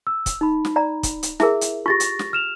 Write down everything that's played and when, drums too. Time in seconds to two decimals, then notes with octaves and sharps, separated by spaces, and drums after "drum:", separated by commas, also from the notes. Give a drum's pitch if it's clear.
0.07 E6
0.26 drum: kick, hi-hat
0.41 D#4 B5
0.65 drum: snare
0.76 D5 A#5
1.03 drum: kick, hi-hat
1.23 drum: hi-hat
1.40 E4 G#4 A#4 E5, drum: snare
1.61 drum: hi-hat
1.86 F4 G4 C#6 A6 A#6
2.00 drum: hi-hat
2.19 drum: snare
2.33 F6 E7 F7